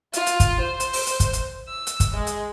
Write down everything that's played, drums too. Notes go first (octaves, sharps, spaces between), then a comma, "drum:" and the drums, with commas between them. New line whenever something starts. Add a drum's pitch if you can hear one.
F4, drum: hi-hat
drum: hi-hat
drum: kick, hi-hat
C5
drum: hi-hat
drum: open hi-hat
drum: hi-hat
drum: kick, hi-hat
drum: hi-hat
E6
drum: hi-hat
drum: kick, hi-hat
G#3
drum: hi-hat